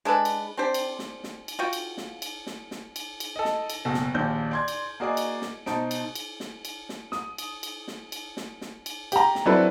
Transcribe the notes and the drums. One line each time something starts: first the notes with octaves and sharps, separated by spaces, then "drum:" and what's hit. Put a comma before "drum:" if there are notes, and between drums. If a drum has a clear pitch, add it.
G#3 D4 A4 B4
drum: cymbal
C4 D4 G4 C5
drum: cymbal
drum: snare
drum: snare
drum: cymbal
F4 F#4 G5
drum: cymbal
drum: snare
drum: cymbal
drum: snare
drum: snare
drum: cymbal
drum: cymbal
A4 D#5
drum: snare
drum: cymbal
F#1 B2 A4
drum: snare
A#1 D#2 D4 G6
D5 C6 G#6
drum: cymbal
A#3 F#4 G#4 D5 D#5 D6
drum: cymbal
drum: snare
B2 D#4 C5 A5 D7, drum: snare
drum: cymbal
drum: cymbal
drum: snare
drum: cymbal
drum: snare
D#6, drum: snare
drum: cymbal
drum: cymbal
drum: snare
drum: cymbal
drum: snare
drum: snare
drum: cymbal
G4 A#5, drum: cymbal
drum: snare
F#3 C4 D4 E4 A4 B4